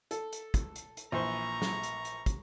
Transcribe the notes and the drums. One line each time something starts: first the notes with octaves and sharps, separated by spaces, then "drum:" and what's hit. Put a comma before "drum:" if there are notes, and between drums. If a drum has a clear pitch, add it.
A4, drum: hi-hat
drum: hi-hat
drum: kick, hi-hat
drum: hi-hat
drum: hi-hat
A#1 E3 C5 A#5 C#6
drum: snare
drum: hi-hat
drum: hi-hat
drum: kick, hi-hat